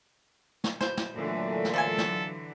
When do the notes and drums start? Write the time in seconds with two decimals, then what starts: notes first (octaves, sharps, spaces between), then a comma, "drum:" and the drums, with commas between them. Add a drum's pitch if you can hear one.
0.64 drum: snare
0.81 B2 C5, drum: snare
0.97 drum: snare
1.16 A#2 D3 E3 F#3 A3
1.65 drum: snare
1.74 F3 F4 A4 G#5
1.98 drum: snare